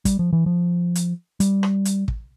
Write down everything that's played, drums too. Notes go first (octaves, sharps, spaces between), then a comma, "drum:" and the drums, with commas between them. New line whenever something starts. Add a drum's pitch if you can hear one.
G3, drum: kick, hi-hat
F3
E3
F3
drum: hi-hat
G3, drum: hi-hat
drum: rim click
drum: hi-hat
drum: kick